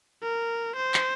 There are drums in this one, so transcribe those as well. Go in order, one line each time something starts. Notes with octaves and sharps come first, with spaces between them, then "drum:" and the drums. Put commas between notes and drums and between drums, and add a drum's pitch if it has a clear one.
A#4
C5
drum: clap